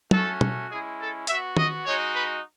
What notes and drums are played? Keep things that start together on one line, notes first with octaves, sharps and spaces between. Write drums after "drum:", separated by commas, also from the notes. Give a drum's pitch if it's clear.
A3 C#4 F#4 A4, drum: tom
drum: tom
G#3 C#4 E4 G#4
A4
B3 F#4 E5, drum: hi-hat
D#5, drum: tom
G#3 D#4 F#4 C#5
B4